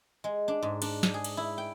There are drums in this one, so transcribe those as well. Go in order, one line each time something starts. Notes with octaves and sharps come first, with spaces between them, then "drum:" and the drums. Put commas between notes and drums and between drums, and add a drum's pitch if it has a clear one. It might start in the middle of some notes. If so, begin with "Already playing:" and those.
G#3
D4
G#2
D4, drum: cymbal
drum: snare
G#4
drum: cymbal
E4
G5